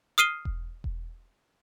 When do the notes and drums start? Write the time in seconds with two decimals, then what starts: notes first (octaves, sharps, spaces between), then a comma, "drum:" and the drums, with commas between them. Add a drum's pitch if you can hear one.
0.18 D#6 F6 C7 D#7 G7
0.45 drum: kick E1
0.84 drum: kick E1